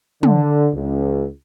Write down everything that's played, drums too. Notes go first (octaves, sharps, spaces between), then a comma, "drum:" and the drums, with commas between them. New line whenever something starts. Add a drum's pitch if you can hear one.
D3, drum: tom
C#2